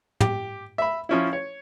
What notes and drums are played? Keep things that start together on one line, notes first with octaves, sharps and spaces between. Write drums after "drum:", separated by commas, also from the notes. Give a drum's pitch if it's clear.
G4, drum: tom
E5 B5
F3 C#4 E4
C#5